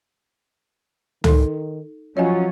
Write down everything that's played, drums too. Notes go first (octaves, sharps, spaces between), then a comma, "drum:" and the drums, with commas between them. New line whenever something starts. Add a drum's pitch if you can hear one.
D#3 D#4 A4, drum: tom
F3 F#3 C#4 F4 C#5 D#5 G#5